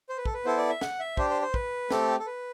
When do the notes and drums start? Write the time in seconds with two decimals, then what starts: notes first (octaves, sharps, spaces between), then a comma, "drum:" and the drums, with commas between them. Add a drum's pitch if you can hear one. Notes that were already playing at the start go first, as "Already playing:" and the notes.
0.09 C5
0.17 B4
0.25 A4, drum: kick
0.34 B4
0.45 B3 E4 A4 C5
0.57 D5
0.69 E5
0.81 F#5, drum: snare
1.00 E5
1.17 D4 G4 C5, drum: kick
1.30 C5
1.42 C5
1.54 B4, drum: kick
1.90 A3 C4 G4 A4, drum: snare
2.20 A4
2.27 B4